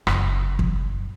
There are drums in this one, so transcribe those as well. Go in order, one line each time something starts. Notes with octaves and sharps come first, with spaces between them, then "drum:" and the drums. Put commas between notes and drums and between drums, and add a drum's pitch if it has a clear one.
F#1, drum: rim click
drum: kick